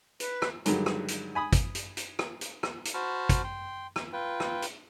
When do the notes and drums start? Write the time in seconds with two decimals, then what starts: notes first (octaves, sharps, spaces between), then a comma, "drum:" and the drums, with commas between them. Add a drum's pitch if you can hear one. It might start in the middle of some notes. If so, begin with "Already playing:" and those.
0.20 B4, drum: hi-hat
0.42 drum: rim click
0.65 G2 D3 D#3 F#3 G#3, drum: hi-hat
0.86 drum: rim click
1.08 drum: hi-hat
1.35 G#5 B5 D#6
1.53 drum: kick, hi-hat
1.75 drum: hi-hat
1.97 drum: hi-hat
2.19 drum: rim click
2.41 drum: hi-hat
2.63 drum: rim click
2.85 drum: hi-hat
2.94 F#4 C5 A5 B5 F6
3.29 drum: kick, hi-hat
3.44 G5 C6
3.96 drum: rim click
4.13 F4 B4 G5
4.40 drum: rim click
4.62 drum: hi-hat